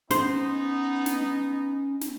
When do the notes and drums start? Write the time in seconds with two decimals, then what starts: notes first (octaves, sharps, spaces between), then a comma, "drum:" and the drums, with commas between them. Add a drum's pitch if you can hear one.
0.11 B3 C#4 D#4 C5, drum: snare
1.06 drum: snare
2.01 drum: snare